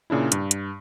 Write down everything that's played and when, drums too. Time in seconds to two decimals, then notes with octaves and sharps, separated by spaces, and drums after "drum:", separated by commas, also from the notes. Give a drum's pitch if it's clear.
0.10 A#2 C#3 D4 E4
0.32 G2, drum: hi-hat
0.51 drum: hi-hat